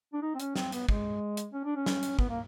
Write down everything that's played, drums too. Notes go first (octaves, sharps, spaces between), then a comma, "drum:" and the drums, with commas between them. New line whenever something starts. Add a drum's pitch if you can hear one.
D4
D#4
C4
C#4, drum: hi-hat
C4, drum: snare
B3, drum: hi-hat
G#3, drum: kick
drum: hi-hat
C#4
D4
C#4
drum: snare
drum: hi-hat
B3, drum: kick
A#3